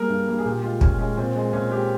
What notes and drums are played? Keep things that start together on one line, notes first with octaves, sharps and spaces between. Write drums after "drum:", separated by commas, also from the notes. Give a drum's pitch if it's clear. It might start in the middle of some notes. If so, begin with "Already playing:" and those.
Already playing: G3 A#3 G#4 A#4
G2
G3 A#3
G#4
A#2 G4
G#3 F4
A#2 C#4, drum: kick
G#3 C#4
A#2 C4
G#3
A#2 C#4
G#3 G4